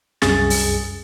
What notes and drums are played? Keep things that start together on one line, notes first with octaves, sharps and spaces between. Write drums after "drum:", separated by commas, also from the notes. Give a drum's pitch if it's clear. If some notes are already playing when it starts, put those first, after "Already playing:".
C2 F#2 G#4 A6, drum: snare
drum: open hi-hat